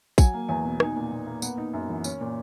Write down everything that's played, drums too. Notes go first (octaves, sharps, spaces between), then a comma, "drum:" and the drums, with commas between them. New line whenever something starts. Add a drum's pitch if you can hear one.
F#3 G#5, drum: kick, tambourine
A#3
E2 G#5
B2
D#4 G#5, drum: rim click
A#2
A#2
A#3
B3, drum: tambourine
D#4
F#2
E3
C#4, drum: tambourine
A#2